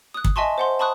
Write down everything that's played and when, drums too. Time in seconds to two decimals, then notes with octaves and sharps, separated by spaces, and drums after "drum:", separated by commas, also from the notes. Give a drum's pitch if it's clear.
0.14 D#6 F#6
0.24 drum: kick
0.36 D#5 E5 G#5 A5 C6 C#6
0.58 C5 F#5 C6
0.79 A5 B5 C#6 D#6 F#6